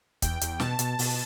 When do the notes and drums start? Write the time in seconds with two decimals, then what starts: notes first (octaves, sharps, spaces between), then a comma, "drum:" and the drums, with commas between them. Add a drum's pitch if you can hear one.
0.22 E2 G5, drum: kick, hi-hat
0.41 E2, drum: hi-hat
0.60 B2 A5, drum: snare
0.79 B2, drum: hi-hat
0.99 B2, drum: open hi-hat